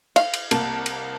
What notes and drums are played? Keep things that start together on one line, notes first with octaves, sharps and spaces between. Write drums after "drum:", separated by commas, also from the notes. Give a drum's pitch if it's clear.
F5, drum: cymbal
drum: cymbal
C2 A#3 A5, drum: cymbal
drum: cymbal